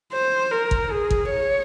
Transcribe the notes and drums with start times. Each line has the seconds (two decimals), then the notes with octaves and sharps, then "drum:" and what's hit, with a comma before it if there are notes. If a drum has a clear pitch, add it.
0.12 C5
0.52 A#4
0.71 drum: kick
0.90 G#4
1.11 drum: kick
1.30 C#5